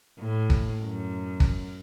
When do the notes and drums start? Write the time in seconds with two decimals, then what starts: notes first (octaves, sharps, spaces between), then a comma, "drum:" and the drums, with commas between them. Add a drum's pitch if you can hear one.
0.20 A2
0.50 drum: kick
0.83 F#2
1.40 drum: kick